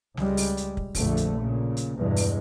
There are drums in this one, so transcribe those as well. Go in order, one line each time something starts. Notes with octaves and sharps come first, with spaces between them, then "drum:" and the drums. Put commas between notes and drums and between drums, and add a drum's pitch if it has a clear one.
C#2 G3 G#3, drum: snare
drum: open hi-hat
drum: hi-hat
drum: kick
A#1 F2 D3 A3, drum: kick, open hi-hat
drum: hi-hat
A#2 C#3
drum: hi-hat
E2 G2 B2 G#3
drum: open hi-hat